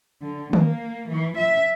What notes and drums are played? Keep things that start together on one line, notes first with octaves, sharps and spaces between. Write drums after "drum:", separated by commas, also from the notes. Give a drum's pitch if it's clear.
D3
A#3, drum: tom D#3
E3
E5